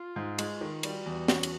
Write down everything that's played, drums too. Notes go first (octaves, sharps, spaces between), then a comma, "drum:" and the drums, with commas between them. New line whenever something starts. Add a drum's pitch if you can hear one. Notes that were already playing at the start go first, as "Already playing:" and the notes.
Already playing: F4
G#2
G#3, drum: cymbal
D#3
G3 F#4, drum: cymbal
E2
C#4, drum: snare
drum: cymbal